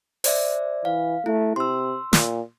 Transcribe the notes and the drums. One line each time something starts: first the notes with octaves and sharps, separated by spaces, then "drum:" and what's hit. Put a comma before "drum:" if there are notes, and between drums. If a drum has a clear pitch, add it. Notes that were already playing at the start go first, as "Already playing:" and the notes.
C5 D5 E5, drum: open hi-hat
E3 F5
A3 E4
C3 C6 E6
A#2, drum: snare